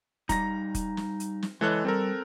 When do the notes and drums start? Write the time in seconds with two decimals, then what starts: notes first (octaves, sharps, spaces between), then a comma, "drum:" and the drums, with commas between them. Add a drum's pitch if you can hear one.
0.29 G3 D#4 A#5 A#6, drum: kick, hi-hat
0.75 drum: kick, hi-hat
0.97 drum: snare
1.20 drum: hi-hat
1.43 drum: snare
1.61 E3 G#3 A4 C#5 D#5 F#6
1.85 G3 C4 A4 A#4